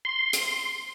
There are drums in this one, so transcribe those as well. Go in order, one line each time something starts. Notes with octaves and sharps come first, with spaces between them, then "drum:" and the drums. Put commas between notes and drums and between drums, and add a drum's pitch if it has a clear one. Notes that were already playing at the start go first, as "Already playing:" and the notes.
C6
drum: hi-hat